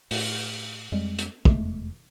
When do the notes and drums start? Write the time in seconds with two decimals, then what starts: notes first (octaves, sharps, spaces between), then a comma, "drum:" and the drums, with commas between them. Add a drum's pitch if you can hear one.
0.11 A2, drum: open hi-hat
0.92 F2 G3 G#3
1.19 drum: hi-hat
1.45 F1 E2 G#3 A3, drum: kick